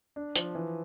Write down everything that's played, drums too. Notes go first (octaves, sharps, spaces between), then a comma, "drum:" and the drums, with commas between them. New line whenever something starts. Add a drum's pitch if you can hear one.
D4
F3, drum: hi-hat
E3